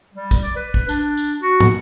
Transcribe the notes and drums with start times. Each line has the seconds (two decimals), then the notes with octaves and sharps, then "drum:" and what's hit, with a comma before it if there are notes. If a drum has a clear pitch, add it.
0.14 G3
0.31 drum: kick, tambourine
0.41 D5
0.56 B4
0.74 drum: kick
0.89 D4, drum: tambourine
1.17 drum: tambourine
1.42 F#4
1.60 drum: tom